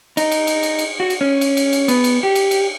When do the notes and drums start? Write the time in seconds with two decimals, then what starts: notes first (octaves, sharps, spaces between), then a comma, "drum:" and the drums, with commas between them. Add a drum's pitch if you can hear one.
0.17 D#4, drum: cymbal
0.32 drum: cymbal
0.47 drum: cymbal
0.63 drum: cymbal
0.79 drum: cymbal
1.00 F#4
1.10 drum: cymbal
1.21 C#4
1.41 drum: cymbal
1.57 drum: cymbal
1.73 drum: cymbal
1.88 B3, drum: cymbal
2.04 drum: cymbal
2.23 G4
2.35 drum: cymbal
2.51 drum: cymbal